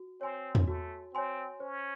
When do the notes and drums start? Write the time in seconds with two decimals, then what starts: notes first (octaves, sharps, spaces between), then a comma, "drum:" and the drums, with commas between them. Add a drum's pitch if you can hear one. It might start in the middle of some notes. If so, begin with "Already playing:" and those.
Already playing: F#4
0.21 C4 C#5 G#5 C6
0.55 drum: tom E2
0.68 A3 F#4
1.14 C4 C#5 G#5 C6
1.60 C#4 C5